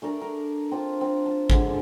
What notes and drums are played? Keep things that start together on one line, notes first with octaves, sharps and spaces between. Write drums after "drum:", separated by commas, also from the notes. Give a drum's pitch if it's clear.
A3 D4 A#4 D5
A#4
C4 D4 F4
C4
A5
D3 G#3, drum: kick G#1